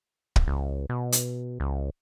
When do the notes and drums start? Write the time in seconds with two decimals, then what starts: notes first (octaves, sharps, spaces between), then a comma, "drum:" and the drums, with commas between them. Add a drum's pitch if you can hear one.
0.36 drum: kick
0.48 C#2
0.89 B2
1.12 drum: hi-hat
1.60 C#2